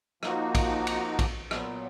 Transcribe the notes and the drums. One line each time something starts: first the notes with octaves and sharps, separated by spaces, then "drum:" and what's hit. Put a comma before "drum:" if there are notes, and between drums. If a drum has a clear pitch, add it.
F3 A#3 D#4 F#4, drum: rim click
drum: kick, cymbal
drum: cymbal
drum: kick, cymbal
A#2 F#3 B3, drum: rim click